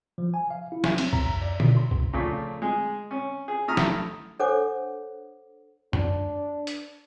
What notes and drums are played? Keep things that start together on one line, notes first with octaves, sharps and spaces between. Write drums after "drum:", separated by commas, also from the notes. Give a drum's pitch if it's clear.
F3
G#5
F5
E4
C6, drum: snare
C4, drum: cymbal
A#5, drum: kick A#1
F#2
D5
B2, drum: tom
C6
drum: kick A#1
A#2 C#3 F3 A3
G#3 G#4
C#4
G#4
A3 E4 A#5 D#6 F6
drum: snare
D4 A4 C5 C#5 F#5 D6
D4, drum: tom F#2
drum: hi-hat